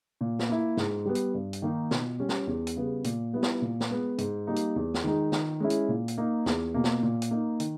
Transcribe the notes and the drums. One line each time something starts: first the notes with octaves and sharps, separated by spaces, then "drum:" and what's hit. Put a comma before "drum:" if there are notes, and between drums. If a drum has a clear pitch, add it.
A#2
drum: snare
A#3 E4
G#2, drum: snare
G3 B3
drum: hi-hat
G2
drum: hi-hat
D#3 A#3 D#4
B2, drum: snare
G3 C#4
drum: snare
E2
drum: hi-hat
C#3 G3 B3
A#2, drum: hi-hat
G3 B3 E4
drum: snare
A#2
drum: snare
G#3 B3
G#2, drum: hi-hat
G3 A#3 D#4
drum: hi-hat
E2
drum: snare
D#3 G#3 D#4
D#3, drum: snare
G#3 C#4 E4
drum: hi-hat
A#2
drum: hi-hat
A#3 D#4
E2, drum: snare
B2 A#3
drum: snare
A#2
drum: hi-hat
A#3 D#4
D#3, drum: hi-hat